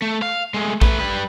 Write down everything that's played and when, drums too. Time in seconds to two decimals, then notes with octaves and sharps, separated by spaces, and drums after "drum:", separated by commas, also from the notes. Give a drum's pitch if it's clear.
0.02 A3
0.22 F5
0.54 G#3 A3
0.82 A3 B4, drum: kick A#1
0.99 G3 B4